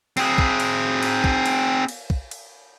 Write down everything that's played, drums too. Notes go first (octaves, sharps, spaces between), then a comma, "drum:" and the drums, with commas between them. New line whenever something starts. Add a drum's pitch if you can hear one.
C4 G#4, drum: cymbal
drum: kick
drum: cymbal
drum: cymbal
drum: kick
drum: cymbal
drum: cymbal
drum: kick
drum: cymbal